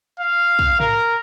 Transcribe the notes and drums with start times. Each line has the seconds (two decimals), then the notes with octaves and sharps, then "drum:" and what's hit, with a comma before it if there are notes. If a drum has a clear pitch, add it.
0.20 F5
0.59 drum: kick
0.80 A#4, drum: tom G#2